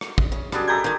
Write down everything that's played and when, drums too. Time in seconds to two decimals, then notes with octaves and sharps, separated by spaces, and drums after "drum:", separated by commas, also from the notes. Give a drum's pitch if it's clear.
0.01 drum: rim click
0.18 drum: kick
0.32 C#3
0.52 F#2 G3 D4 G#4, drum: rim click
0.68 G#3 G4 A4 A#5 G6 G#6
0.84 G2 D#3